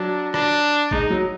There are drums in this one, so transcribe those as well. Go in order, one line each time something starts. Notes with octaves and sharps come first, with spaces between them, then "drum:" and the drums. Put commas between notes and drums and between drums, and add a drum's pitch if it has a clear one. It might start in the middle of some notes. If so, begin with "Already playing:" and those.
Already playing: F#3 D4
D4, drum: rim click
G#3 D#4, drum: kick G1
F#3